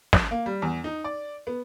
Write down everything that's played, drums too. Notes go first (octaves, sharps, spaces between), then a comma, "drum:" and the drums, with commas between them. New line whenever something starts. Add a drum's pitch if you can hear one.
drum: snare
A#3
G3
E2
D#4
D5
B3